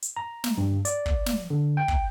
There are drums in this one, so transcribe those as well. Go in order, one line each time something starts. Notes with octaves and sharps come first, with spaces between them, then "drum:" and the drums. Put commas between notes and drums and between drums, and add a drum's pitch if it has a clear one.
drum: hi-hat
A#5
drum: snare
G2
D5, drum: hi-hat
drum: kick
drum: snare
D3
G5
drum: kick